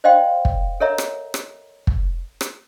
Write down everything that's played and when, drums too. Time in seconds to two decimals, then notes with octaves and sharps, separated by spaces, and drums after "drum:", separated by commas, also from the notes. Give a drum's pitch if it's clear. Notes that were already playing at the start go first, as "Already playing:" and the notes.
0.04 C5 D5 D#5 F5 G5 C6
0.45 drum: kick
0.80 A4 A#4 C#5 D#5 E5 A#5
0.98 drum: rim click
1.34 drum: rim click
1.87 drum: kick
2.41 drum: rim click